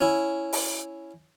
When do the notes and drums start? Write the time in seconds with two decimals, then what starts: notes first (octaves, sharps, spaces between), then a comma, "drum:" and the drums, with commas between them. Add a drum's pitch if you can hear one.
0.01 C#4 E4
0.53 drum: open hi-hat